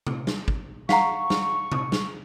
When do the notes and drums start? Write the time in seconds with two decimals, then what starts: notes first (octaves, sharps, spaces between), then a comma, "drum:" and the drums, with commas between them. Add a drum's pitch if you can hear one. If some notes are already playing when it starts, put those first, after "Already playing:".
0.07 drum: tom C3
0.27 drum: snare
0.48 drum: kick
0.89 F5 F#5 A#5 C#6, drum: snare
1.30 drum: snare
1.72 drum: tom C3
1.92 drum: snare